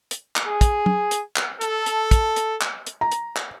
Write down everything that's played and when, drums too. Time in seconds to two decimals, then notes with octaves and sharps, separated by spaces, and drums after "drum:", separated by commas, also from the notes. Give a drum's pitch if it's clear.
0.11 drum: hi-hat
0.36 drum: clap
0.47 G#4
0.61 drum: kick, hi-hat
0.86 drum: tom
1.11 drum: hi-hat
1.36 drum: clap
1.61 A4, drum: hi-hat
1.86 drum: hi-hat
2.11 drum: kick, hi-hat
2.36 drum: hi-hat
2.61 drum: clap
2.87 drum: hi-hat
3.01 A#5
3.12 drum: hi-hat
3.37 drum: clap